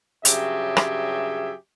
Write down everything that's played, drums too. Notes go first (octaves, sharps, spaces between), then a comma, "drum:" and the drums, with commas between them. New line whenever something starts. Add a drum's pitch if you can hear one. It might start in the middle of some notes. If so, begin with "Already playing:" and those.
G2 C#3 F#3 G4 G#4 E5, drum: hi-hat
drum: rim click